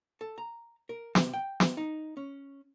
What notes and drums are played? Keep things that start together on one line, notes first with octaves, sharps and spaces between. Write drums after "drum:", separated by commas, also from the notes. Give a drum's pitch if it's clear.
A4
A#5
A#4
C3, drum: snare
G5
drum: snare
D#4
C#4